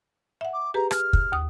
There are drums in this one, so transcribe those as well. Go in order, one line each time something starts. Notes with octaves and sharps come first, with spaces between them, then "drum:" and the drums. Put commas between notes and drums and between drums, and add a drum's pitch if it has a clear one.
E5 F#5
D6
G4 G#4 B4 A#5
F6, drum: rim click
drum: kick
D#2 D#6